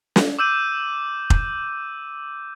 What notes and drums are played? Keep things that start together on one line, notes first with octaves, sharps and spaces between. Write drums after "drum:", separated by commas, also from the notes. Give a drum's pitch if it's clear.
drum: snare
D6 E6 G6 D#7 F#7
drum: kick F1